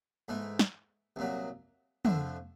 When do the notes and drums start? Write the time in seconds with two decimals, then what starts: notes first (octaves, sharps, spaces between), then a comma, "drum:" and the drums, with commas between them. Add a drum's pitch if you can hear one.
0.28 G#2 E3 A3
0.59 drum: snare
1.16 C2 A#2 F#3
2.05 F2 D3 F3 A3, drum: tom